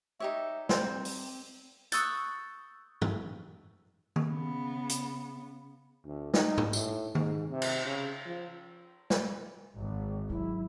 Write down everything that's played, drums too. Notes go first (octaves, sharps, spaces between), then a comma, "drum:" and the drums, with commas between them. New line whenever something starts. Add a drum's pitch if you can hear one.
D#4 G4 C#5 E5
G3 C4, drum: snare
drum: open hi-hat
C#6 D#6 E6 F#6 G6 A6, drum: hi-hat
drum: tom G2
drum: tom D#3
C#3 B3
drum: hi-hat
D2
D#4, drum: snare
drum: tom G#2
A2, drum: tambourine
G#2, drum: tom D#3
C3
drum: cymbal
C#3
F3
drum: snare
G#1
F#3 E4